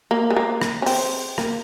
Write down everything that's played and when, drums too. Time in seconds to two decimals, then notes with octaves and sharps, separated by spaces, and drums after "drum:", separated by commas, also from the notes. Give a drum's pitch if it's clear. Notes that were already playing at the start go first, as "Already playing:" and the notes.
0.11 A#3
0.30 G#3
0.36 A#3
0.62 drum: rim click
0.82 C#4
0.86 C4, drum: open hi-hat
1.38 A#3, drum: rim click